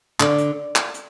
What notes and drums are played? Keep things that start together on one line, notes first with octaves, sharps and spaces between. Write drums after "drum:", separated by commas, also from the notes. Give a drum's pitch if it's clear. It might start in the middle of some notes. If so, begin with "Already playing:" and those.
D3, drum: clap
drum: hi-hat
drum: clap
drum: hi-hat